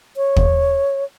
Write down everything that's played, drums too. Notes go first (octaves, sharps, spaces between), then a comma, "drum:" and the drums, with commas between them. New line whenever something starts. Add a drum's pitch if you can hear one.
C#5
drum: kick